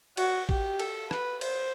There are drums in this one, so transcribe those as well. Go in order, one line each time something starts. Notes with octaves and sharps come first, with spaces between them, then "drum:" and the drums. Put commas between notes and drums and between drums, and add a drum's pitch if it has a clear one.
F#4, drum: cymbal
G4, drum: kick A1
A4, drum: cymbal
B4, drum: rim click
C5, drum: cymbal